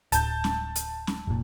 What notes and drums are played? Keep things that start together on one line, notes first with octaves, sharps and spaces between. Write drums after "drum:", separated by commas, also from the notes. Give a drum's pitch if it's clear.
D1 A5 G6, drum: hi-hat
drum: snare C#4
drum: hi-hat
drum: snare C#4
F1 A#2